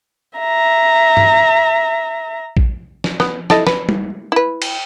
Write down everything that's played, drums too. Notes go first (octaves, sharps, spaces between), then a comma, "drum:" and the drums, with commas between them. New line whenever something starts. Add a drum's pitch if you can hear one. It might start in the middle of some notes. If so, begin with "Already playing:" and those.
E5 A#5
drum: tom G2
drum: kick A#1
drum: snare
B3, drum: snare
E4 A4 D#5, drum: snare
B4, drum: snare
drum: tom
E4 B4
drum: cymbal